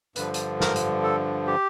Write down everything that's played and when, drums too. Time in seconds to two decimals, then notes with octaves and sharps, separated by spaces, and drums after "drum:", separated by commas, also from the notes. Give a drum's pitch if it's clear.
0.16 G2 D3 F3 B4, drum: hi-hat
0.34 drum: hi-hat
0.60 A#4, drum: snare
0.76 drum: hi-hat
1.03 A4
1.47 G4